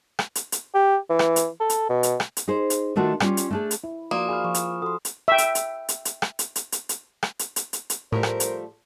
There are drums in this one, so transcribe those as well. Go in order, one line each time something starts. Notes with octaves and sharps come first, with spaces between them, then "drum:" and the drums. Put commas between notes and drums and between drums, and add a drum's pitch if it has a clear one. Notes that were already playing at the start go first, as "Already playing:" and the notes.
drum: rim click
drum: hi-hat
drum: hi-hat
G4
E3
drum: rim click
drum: hi-hat
A4
drum: hi-hat
B2
drum: hi-hat
drum: rim click
drum: hi-hat
D#4 G#4 C5
drum: hi-hat
D#3 A3 D4 F4 F#4
G3 C#4 F4, drum: rim click
drum: hi-hat
A3 D4 G#4
drum: hi-hat
E4
F3 A#3 F#4 D5 C6 D#6 E7
G#4 F5 G#5 B5 F6
F3 C#6
drum: hi-hat
F#4 A4 C6 D#6
drum: hi-hat
E5 G5
drum: hi-hat
drum: hi-hat
drum: hi-hat
drum: hi-hat
drum: rim click
drum: hi-hat
drum: hi-hat
drum: hi-hat
drum: hi-hat
drum: rim click
drum: hi-hat
drum: hi-hat
drum: hi-hat
drum: hi-hat
A2 F3 G3 A3 A#4 C5
drum: rim click
drum: hi-hat